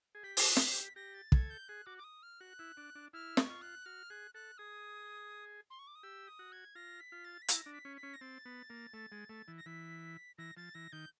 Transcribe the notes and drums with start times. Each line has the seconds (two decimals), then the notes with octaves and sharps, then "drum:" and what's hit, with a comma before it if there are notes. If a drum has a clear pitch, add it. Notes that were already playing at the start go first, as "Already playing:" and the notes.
0.15 G#4
0.23 G4 B6
0.37 A#6, drum: open hi-hat
0.47 F#4 B6
0.57 drum: snare
0.72 G4
0.84 B6
0.96 G4 A#6
1.14 A6
1.32 A4 G#6, drum: kick
1.50 G6
1.68 G#4 F#6
1.86 F#4 D6
1.98 D6
2.04 D#6
2.23 F6
2.41 F#4 F#6
2.59 E4
2.77 D4
2.95 D4
3.13 E4 F6
3.37 C#6, drum: snare
3.50 F4
3.62 F#6
3.86 F#4 F6
4.10 G#4 F#6
4.34 A4 F#6
4.58 G#4 D#6
5.70 C6
5.79 C#6
5.87 D6
5.95 D#6
6.03 G4 E6
6.28 D#6
6.39 F#4
6.52 G#6
6.75 F4 A#6
7.00 B6
7.12 F4
7.25 A6
7.42 B6
7.48 E4 A#6, drum: hi-hat
7.66 D4
7.73 B6
7.85 C#4
7.97 B6
8.03 C#4
8.14 A#6
8.21 C4 A6
8.45 B3
8.70 A#3
8.94 A3
9.12 G#3
9.29 A3
9.48 E3
9.57 A#6
9.66 E3 B6
10.38 E3 A#6
10.57 F3 A6
10.74 E3 A#6
10.92 D#3 G6